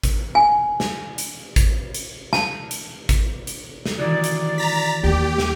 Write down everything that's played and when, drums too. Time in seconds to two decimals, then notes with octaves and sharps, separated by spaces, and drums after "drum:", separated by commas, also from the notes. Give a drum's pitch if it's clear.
0.03 drum: kick, hi-hat
0.35 G#5
0.80 drum: snare
1.18 drum: hi-hat
1.56 drum: kick, hi-hat
1.94 drum: hi-hat
2.33 A5, drum: snare
2.71 drum: hi-hat
3.09 drum: kick, hi-hat
3.47 drum: hi-hat
3.85 drum: snare
3.98 D#3 E3 F#3 D5
4.24 drum: hi-hat
4.58 A#5 A6 B6
5.04 D#2 G4
5.38 drum: snare